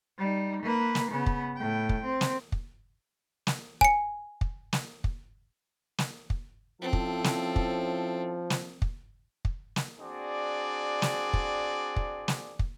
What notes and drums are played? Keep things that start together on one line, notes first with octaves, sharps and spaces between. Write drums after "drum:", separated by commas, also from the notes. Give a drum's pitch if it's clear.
G3 D#4
A#3 B4
drum: snare
C#3 B3
drum: kick
A2 G5
drum: kick
C4
drum: snare
drum: kick
drum: snare
G#5 C#7, drum: kick
drum: kick
drum: snare
drum: kick
drum: snare
drum: kick
F3 C4 C#4 E4 A4
drum: kick
drum: snare
drum: kick
drum: snare
drum: kick
drum: kick
drum: snare
C4 D4 F#4 G#4 D5
drum: snare
drum: kick
drum: kick
drum: snare
drum: kick